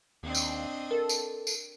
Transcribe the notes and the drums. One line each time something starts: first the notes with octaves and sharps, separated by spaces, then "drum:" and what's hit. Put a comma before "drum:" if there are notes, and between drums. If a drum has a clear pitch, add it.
D#2 C4 D4 D#5
drum: tambourine
A4 A#4
drum: tambourine
drum: tambourine